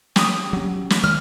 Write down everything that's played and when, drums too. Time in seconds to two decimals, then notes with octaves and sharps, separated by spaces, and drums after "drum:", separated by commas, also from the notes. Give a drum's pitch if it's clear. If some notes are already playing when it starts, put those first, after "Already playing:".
0.16 G4 D#6, drum: snare
0.53 F#3 C#4
0.90 drum: snare
1.04 D#3 G#3 F6